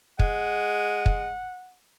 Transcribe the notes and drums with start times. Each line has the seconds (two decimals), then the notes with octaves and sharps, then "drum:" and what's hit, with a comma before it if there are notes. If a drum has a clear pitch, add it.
0.19 G#3 F#5, drum: kick
1.06 drum: kick